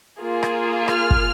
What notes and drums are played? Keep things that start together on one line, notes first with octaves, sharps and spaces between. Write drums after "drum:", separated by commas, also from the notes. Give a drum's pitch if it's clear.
A#3 F4 G#4
drum: rim click
F6, drum: rim click
drum: kick